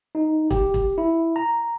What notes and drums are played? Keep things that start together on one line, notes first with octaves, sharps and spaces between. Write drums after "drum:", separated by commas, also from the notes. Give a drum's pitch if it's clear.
D#4
G4, drum: kick
drum: kick
E4
A#5